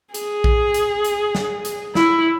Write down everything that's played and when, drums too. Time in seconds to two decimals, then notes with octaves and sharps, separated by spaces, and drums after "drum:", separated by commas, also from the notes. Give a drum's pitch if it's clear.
0.14 G#4, drum: hi-hat
0.44 drum: kick A#1
0.74 drum: hi-hat
1.05 drum: hi-hat
1.35 drum: snare
1.65 drum: hi-hat
1.95 E4, drum: snare